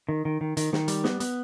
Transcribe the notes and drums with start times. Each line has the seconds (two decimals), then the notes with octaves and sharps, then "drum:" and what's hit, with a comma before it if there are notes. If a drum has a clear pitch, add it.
0.09 D#3
0.25 D#3
0.41 D#3
0.57 D#3, drum: hi-hat
0.73 D#3, drum: snare
0.88 G3, drum: hi-hat
1.04 B3, drum: snare
1.20 B3, drum: hi-hat